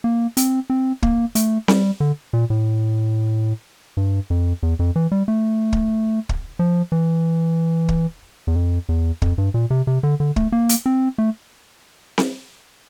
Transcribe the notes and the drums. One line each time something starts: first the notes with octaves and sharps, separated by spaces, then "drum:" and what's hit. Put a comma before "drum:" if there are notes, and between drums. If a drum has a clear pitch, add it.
A#3
C4, drum: hi-hat
C4
A#3, drum: kick
A3, drum: hi-hat
G3, drum: snare C4
D3
A#2
A2
G2
F2
E2
F2
E3
G3
A3
drum: kick
drum: kick
F3
E3
drum: kick
E2
F2
E2
F2, drum: kick
G2
A#2
C3
C3
D3
D3
A3, drum: kick
A#3
drum: hi-hat
C4
A3
drum: snare C4